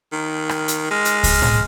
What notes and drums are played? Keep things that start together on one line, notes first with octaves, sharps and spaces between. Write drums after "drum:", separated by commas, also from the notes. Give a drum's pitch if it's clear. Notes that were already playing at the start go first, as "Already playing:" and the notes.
D#3
drum: rim click
drum: hi-hat
G#3 F6
drum: hi-hat
drum: kick C#2, open hi-hat
drum: tom A2